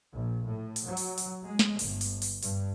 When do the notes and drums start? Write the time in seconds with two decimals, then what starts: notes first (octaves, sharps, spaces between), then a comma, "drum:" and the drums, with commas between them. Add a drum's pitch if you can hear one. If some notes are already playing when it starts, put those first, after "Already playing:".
0.14 A#1
0.47 A2
0.76 drum: open hi-hat
0.88 F#3
0.97 drum: open hi-hat
1.18 drum: open hi-hat
1.45 G#3
1.59 drum: snare
1.79 G1, drum: open hi-hat
2.01 drum: open hi-hat
2.22 drum: open hi-hat
2.43 G2, drum: open hi-hat